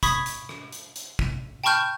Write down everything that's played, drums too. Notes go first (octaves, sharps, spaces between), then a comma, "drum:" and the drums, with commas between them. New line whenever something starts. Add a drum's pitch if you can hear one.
B5 C#6 D#6 G#6 B6, drum: kick, hi-hat
drum: hi-hat
drum: rim click
drum: hi-hat
drum: hi-hat
drum: kick
G5 A5 B5 C#6 F6 G6